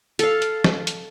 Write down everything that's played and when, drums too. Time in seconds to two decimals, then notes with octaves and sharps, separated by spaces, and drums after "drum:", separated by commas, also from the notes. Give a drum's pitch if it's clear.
0.19 A4 F5, drum: hi-hat
0.42 drum: hi-hat
0.64 drum: snare
0.87 drum: hi-hat